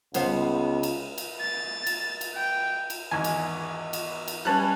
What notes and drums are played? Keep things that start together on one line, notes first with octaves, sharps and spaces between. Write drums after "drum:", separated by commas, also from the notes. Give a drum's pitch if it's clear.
C#2 C#3 B3 C5, drum: cymbal
drum: cymbal
drum: cymbal
A6
drum: cymbal
drum: cymbal
G5
drum: cymbal
G#1 E2 G#5
drum: cymbal
drum: cymbal
drum: cymbal
G3 C#4 B4 G#5 A5 F#6